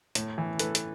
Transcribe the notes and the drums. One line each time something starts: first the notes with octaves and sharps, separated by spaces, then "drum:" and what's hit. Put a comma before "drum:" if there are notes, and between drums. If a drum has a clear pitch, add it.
A2, drum: hi-hat
E3
A2 A4 B4, drum: hi-hat
drum: hi-hat